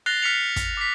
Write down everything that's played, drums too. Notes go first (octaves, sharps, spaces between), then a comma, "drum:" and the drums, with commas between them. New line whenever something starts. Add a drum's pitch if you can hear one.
F#6 A6 A#6 C7 F7 G7
F6 B6 C#7 F7
drum: kick, hi-hat
D6 B6